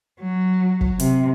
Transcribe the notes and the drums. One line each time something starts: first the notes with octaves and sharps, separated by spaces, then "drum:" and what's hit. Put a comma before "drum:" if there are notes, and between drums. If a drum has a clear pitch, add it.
F#3
drum: kick
C3, drum: hi-hat